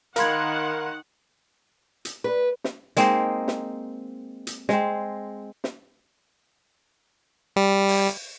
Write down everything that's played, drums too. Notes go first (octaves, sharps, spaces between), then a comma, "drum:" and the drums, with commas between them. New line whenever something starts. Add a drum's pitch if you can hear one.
D#3 A#4 F5 F#5 B5 C6 G#6, drum: hi-hat
drum: hi-hat
B4
drum: snare
G#3 A#3 C4 D#4, drum: hi-hat
drum: snare
drum: hi-hat
G#3 C4, drum: snare
drum: snare
G3
drum: open hi-hat